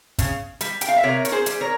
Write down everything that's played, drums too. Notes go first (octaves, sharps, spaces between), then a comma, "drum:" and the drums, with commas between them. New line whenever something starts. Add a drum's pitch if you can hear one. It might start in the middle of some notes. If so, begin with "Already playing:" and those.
C#3, drum: kick, hi-hat
G3, drum: hi-hat
G5, drum: hi-hat
F5
E5
C3 A#4 C#5
C#5, drum: hi-hat
G#4 C5
G3, drum: hi-hat
A#4 C#5